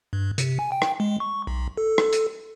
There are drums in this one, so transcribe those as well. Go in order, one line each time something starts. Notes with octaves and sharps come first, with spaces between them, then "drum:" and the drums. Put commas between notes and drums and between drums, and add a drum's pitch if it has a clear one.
G2
C3, drum: hi-hat
G#5
G5
drum: rim click
G#3
C#6
B1
A4
drum: rim click
drum: hi-hat